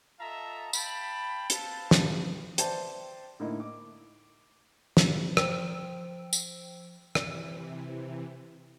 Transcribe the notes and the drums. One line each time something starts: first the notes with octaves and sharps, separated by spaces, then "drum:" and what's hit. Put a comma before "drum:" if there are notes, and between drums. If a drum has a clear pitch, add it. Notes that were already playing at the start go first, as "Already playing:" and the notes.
F4 A4 D#5 E5 A5 A#5
F5 G5 A5 B5, drum: tambourine
C4 B4 F5 A5, drum: hi-hat
drum: snare
B4 C5 D5 E5 G5 A5, drum: hi-hat
A2 D3 A#3 D#4 E4
D6
drum: snare
F3 C5 G5 E6 D7, drum: rim click
drum: tambourine
C3 E3, drum: rim click